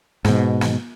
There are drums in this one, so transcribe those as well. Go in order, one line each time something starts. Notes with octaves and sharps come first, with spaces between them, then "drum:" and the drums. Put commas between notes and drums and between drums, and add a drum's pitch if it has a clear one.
G#2 B2, drum: snare
drum: snare